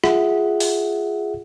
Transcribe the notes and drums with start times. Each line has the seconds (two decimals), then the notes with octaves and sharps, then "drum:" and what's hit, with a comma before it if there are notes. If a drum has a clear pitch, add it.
0.04 F4 G#4 E5 F#5, drum: rim click
0.60 drum: open hi-hat